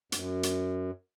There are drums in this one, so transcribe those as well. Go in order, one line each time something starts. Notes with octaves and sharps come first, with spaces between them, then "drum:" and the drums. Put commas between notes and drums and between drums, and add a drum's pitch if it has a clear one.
F#2, drum: hi-hat
drum: hi-hat